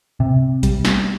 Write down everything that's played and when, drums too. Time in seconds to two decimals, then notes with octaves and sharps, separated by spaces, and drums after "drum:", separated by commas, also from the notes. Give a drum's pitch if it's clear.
0.20 C3
0.63 G3, drum: kick A1, hi-hat
0.85 drum: snare